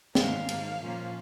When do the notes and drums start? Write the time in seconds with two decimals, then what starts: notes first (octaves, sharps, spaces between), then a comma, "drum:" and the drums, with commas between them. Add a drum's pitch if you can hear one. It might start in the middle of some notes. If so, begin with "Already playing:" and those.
0.15 G#2 D#3 G#3 B3 F5, drum: snare
0.49 G#2 D#3 A#3, drum: cymbal
0.80 A#2 F3 A#3 C#4 F4